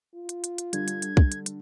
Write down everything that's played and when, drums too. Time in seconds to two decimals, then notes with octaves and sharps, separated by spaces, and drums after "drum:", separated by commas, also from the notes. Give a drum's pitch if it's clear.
0.14 F4
0.29 drum: hi-hat
0.44 drum: hi-hat
0.58 drum: hi-hat
0.73 D3 G3 G#6, drum: hi-hat
0.88 drum: hi-hat
1.02 drum: hi-hat
1.17 drum: kick
1.32 drum: hi-hat
1.46 drum: hi-hat